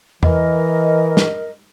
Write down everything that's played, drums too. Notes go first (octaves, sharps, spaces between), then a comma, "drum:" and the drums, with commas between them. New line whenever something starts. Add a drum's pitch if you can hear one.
E3 A#4 D#5, drum: tom E2
drum: snare